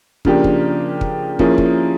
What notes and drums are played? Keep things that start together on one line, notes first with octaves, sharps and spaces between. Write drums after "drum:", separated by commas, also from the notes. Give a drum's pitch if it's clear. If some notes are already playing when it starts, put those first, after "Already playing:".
C#3 F3 A#3 D4 G4, drum: kick
drum: kick
drum: kick
F3 A#3 C#4 E4 G#4, drum: kick
drum: kick